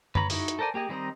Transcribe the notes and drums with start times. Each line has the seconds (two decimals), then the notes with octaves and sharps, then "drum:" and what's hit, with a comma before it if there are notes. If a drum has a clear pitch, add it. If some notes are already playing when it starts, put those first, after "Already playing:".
0.15 B4 C#5 A#5 B5, drum: tom F#2
0.30 D#4 E4 F#4 G#4, drum: open hi-hat
0.48 drum: hi-hat
0.59 A4 A#4 C5 D5 G#5
0.74 A#3 G4 G#4 D#5
0.89 D#3 G3 C4 D#4 D#5